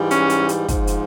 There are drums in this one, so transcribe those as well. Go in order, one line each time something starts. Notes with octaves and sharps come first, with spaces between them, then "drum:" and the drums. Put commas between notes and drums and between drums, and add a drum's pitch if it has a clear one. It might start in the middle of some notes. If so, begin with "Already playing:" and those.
Already playing: G#2 E3 G3
C#4, drum: hi-hat
drum: hi-hat
drum: hi-hat
G#2 F3, drum: kick, hi-hat
drum: hi-hat